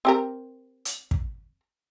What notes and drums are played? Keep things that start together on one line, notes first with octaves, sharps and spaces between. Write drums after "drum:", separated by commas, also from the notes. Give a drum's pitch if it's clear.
C4 G4 A#4
drum: hi-hat
drum: kick